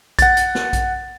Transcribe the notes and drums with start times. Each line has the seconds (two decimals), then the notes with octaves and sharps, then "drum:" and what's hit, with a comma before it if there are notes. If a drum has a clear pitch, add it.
0.19 F#5 A6, drum: kick A#1, hi-hat
0.37 drum: hi-hat
0.55 drum: snare
0.73 drum: kick A#1, hi-hat